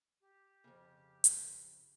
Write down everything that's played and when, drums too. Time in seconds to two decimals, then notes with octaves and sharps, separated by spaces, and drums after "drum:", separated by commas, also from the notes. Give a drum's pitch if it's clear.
0.22 G4
0.64 F2 C#3
1.24 drum: hi-hat